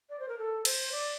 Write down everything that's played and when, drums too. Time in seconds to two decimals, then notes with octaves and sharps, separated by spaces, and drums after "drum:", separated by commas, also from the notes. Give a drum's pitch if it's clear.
0.10 D5
0.20 C5
0.29 A#4
0.39 A4
0.65 C5, drum: cymbal
0.92 D5